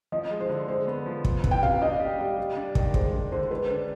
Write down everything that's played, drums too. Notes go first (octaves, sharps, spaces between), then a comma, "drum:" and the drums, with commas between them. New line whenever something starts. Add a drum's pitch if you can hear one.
F3 D#5
G#3
C5
D3
G#3 C5
B3
F3
F3, drum: kick
B3, drum: kick
G5
C3 F5
D4 D#5
G4
G3
G3
D4
D#3, drum: kick
G#3 C5, drum: kick
D4
D3 C5
G#3 B4
D4